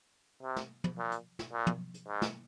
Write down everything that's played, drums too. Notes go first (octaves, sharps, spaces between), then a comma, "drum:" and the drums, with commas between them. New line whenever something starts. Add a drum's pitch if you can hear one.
C3
drum: snare
drum: tom
A#2
drum: hi-hat
drum: snare
A#2
drum: tom
drum: hi-hat
G#2
drum: snare